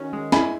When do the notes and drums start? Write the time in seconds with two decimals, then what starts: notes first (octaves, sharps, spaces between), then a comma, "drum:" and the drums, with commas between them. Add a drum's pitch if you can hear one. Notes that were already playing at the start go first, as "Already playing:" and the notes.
Already playing: D#3 C#4 F#4
0.13 G#3
0.32 E4 G#5 B5, drum: snare C#4